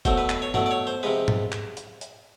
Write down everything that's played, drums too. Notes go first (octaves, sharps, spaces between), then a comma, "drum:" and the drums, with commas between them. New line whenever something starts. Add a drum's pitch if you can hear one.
B2 F#3 A3 C5, drum: kick, hi-hat
B4
B4, drum: clap
C#5
B2 F#3 A3 D5, drum: tom G2
D5
C#5
C5
C3 F3 G#3 B4
drum: tom G#2
drum: clap
drum: hi-hat
drum: hi-hat